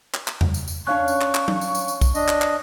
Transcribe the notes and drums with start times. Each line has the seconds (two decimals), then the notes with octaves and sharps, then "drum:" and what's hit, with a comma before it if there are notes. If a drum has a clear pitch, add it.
0.14 drum: clap
0.27 drum: clap
0.41 drum: tom E2
0.54 drum: tambourine
0.68 drum: tambourine
0.87 C#4 D4 F5 C#6 F#6
1.08 drum: tambourine
1.21 drum: clap
1.35 drum: clap
1.48 drum: tom F#3
1.61 drum: tambourine
1.75 drum: tambourine
1.88 drum: tambourine
2.01 drum: kick B1, tambourine
2.15 D4 D#5, drum: tambourine
2.28 drum: clap
2.42 drum: clap